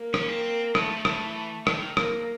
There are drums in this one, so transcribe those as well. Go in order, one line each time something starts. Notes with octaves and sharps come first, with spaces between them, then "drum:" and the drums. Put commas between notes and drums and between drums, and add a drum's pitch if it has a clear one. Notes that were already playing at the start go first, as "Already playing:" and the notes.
Already playing: A#3
C#4, drum: rim click
C4
A3 B3, drum: rim click
F3
E3, drum: rim click
D#3, drum: rim click
A#3, drum: rim click